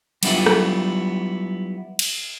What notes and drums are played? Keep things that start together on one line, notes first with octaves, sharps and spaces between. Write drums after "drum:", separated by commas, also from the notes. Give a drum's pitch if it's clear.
F#3 G3 B3 D4 E4 F4, drum: cymbal
drum: rim click
drum: cymbal